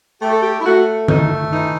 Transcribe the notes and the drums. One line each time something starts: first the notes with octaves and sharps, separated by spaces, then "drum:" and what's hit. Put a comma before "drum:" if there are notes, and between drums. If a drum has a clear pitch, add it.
A3 G4
A4
G4
E4
A3 F#4
A3 D#4, drum: tom D#3
E3 D#4